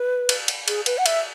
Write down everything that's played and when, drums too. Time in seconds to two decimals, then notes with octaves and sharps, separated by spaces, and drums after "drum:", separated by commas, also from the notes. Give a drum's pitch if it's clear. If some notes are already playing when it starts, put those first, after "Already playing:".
Already playing: B4
0.29 drum: cymbal
0.48 drum: cymbal
0.68 G#4, drum: cymbal
0.86 B4, drum: cymbal
0.98 F#5
1.06 E5, drum: cymbal